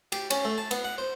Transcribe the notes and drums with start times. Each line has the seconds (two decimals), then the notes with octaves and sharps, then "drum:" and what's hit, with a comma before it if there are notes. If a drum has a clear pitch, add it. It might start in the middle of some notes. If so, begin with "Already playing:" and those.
0.12 G4, drum: cymbal
0.30 C#4, drum: cymbal
0.45 A3
0.58 A5
0.71 B3, drum: cymbal
0.85 F#5
0.98 C5